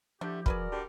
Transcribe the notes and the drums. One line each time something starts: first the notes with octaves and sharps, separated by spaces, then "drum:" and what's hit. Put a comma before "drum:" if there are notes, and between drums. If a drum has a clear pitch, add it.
D3 F3 A3 D4 E4 G4
F#4 G#4 A#4 B4 D5 B5, drum: kick
D3 G3 G4